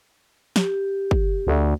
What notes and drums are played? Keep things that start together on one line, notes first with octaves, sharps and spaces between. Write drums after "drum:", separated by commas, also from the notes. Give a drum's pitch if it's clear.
G4, drum: snare
drum: kick
D2